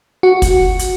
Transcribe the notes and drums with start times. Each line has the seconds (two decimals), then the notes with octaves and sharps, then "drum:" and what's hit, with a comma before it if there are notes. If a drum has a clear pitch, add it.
0.23 F#4
0.42 drum: kick, hi-hat
0.79 drum: hi-hat